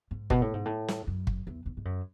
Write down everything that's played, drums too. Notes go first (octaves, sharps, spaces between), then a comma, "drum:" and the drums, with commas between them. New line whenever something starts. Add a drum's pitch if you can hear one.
G#2
B2, drum: kick
A2
G#2
A2
drum: snare
F#2
drum: kick
E2
E2
G#2
F#2